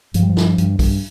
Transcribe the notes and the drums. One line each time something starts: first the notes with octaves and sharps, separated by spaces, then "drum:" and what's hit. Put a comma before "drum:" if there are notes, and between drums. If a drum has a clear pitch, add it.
G2 F3, drum: hi-hat
G3
F3
G2, drum: snare
G2, drum: hi-hat
G2, drum: kick, open hi-hat